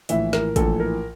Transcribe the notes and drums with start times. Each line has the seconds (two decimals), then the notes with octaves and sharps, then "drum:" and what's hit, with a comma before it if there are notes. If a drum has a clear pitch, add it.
0.09 A#1 A2 E3 E5, drum: hi-hat
0.33 A#4, drum: snare
0.56 A#1 A2 E3 A4, drum: kick, hi-hat
0.80 A#4